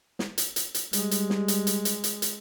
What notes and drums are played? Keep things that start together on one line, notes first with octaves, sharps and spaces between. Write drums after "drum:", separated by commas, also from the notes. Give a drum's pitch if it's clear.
drum: snare
drum: hi-hat
drum: hi-hat
drum: hi-hat
G3 G#3, drum: hi-hat
drum: hi-hat
drum: snare
drum: hi-hat
drum: hi-hat
drum: hi-hat
drum: hi-hat
drum: hi-hat